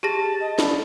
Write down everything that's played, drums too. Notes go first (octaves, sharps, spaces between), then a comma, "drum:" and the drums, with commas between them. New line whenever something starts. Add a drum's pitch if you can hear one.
G4 G#4 A5 A#6
D#5
D5 B5, drum: snare